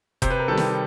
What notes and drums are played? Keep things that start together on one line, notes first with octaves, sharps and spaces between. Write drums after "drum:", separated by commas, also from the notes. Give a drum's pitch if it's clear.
C3 C5, drum: kick F1, hi-hat
B4
A#4
D#3 G3 A4 B4
drum: snare